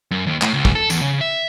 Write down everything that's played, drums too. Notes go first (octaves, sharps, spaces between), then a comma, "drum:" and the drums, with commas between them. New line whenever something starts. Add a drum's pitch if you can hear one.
F#2
D#2
A2, drum: clap
C#2
drum: kick
A4
E2, drum: tambourine
C#3
E5